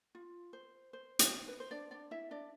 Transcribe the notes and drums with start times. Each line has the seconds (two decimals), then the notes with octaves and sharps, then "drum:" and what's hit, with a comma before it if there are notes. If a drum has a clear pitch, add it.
0.15 F4
0.53 C5
0.93 C5
1.19 drum: hi-hat
1.48 B4
1.60 C5
1.71 D4 D5
1.91 D4 D5
2.11 E4 E5
2.31 D4 D5